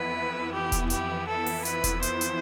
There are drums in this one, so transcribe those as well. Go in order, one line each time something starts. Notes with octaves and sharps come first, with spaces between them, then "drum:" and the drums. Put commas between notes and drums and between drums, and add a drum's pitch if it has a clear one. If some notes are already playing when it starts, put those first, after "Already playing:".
Already playing: F2 E3 B3 E4 B4
G4
drum: kick E1, hi-hat
G4, drum: hi-hat
A4
drum: open hi-hat
B4, drum: hi-hat
drum: kick E1, hi-hat
C5, drum: hi-hat
drum: hi-hat